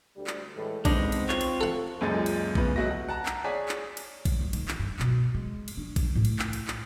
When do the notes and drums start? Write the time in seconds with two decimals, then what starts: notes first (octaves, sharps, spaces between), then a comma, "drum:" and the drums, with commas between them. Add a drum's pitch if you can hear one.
0.15 D2 G3
0.27 drum: clap
0.55 A2 E3 G#3
0.85 C#2 G#3 B3 C4 D4 D#4, drum: kick A#1, cymbal
1.12 drum: cymbal
1.29 F4 C#5, drum: clap
1.41 drum: cymbal
1.61 A4 F#5
2.01 C#2 F#2 A#2 G#3 A4 A6
2.26 drum: cymbal
2.55 A2 C#3 B3, drum: kick A#1
2.76 C#2 F#3 F#4 D#5 E5 A#6
2.91 F#5
3.08 F#5 A5 A#5
3.26 drum: clap
3.44 G#4 C#5 D5 G#5 B6
3.68 drum: clap
3.97 drum: cymbal
4.25 drum: kick A#1, cymbal
4.41 G#3
4.53 D#3, drum: cymbal
4.68 drum: clap
4.79 G2
4.99 B2, drum: clap
5.35 G#3
5.68 drum: cymbal
5.77 D4
5.96 drum: kick A#1, cymbal
6.15 A2
6.25 drum: cymbal
6.39 drum: clap
6.53 drum: cymbal
6.67 drum: clap